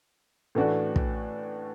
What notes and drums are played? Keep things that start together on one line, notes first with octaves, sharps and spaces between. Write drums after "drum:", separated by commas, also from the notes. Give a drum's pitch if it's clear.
A2 E3 A3 D4 F#4
drum: kick